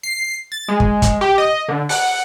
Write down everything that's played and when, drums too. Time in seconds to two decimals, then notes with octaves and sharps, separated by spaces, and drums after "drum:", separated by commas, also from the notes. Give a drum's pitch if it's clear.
0.03 C7
0.52 A6
0.68 G#3
0.80 drum: kick
1.02 drum: kick, hi-hat
1.21 G4
1.38 D#5
1.68 D3
1.89 F#5, drum: open hi-hat